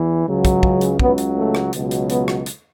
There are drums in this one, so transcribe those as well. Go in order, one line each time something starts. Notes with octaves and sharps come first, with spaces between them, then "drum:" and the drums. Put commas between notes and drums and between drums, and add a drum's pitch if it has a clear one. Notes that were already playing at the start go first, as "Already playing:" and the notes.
Already playing: E2 E3
C#2 C#3 F#3
drum: kick, hi-hat
drum: kick
drum: hi-hat
C#2 C#3 F#3 B3, drum: kick
drum: hi-hat
A3
drum: rim click
C#2 B2 F#3, drum: hi-hat
drum: hi-hat
B3, drum: hi-hat
drum: rim click
drum: hi-hat